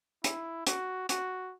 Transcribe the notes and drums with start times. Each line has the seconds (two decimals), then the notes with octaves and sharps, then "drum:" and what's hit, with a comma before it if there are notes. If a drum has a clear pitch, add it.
0.24 E4, drum: hi-hat
0.67 F#4, drum: hi-hat
1.09 F#4, drum: hi-hat